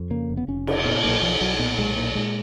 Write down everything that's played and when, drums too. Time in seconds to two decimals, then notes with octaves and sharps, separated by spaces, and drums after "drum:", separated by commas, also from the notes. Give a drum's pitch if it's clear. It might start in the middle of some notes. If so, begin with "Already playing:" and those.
Already playing: F2
0.10 C#3 A#3
0.30 F1
0.37 B3
0.48 F1 C#4
0.67 C#3, drum: cymbal
0.85 A#2 B3
1.04 B1 A#3
1.22 B1 F3
1.41 B1 F#3
1.59 A#2 B3
1.78 B1 G#3
1.96 A#2 A#3
2.15 A#2 G#3